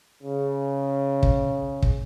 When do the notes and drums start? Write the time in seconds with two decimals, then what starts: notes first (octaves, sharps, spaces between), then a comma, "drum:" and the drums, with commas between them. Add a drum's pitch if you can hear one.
0.23 C#3
1.23 drum: kick
1.82 drum: kick